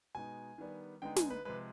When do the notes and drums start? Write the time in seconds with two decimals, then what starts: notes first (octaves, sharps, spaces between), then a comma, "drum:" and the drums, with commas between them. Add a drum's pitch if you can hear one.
0.15 B2 G#3 B3 D#4 G#5
0.58 D#3 G3 B3 D4
1.02 D3 G#3 B3 D#4 G5
1.16 G#5, drum: snare
1.30 B4
1.45 C3 F3 G#3 B4